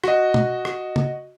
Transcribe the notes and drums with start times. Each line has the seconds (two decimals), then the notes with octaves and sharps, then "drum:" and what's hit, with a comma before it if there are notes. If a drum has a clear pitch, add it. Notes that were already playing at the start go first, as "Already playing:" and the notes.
0.04 F#4 D#5, drum: rim click
0.34 drum: tom
0.65 drum: rim click
0.96 drum: tom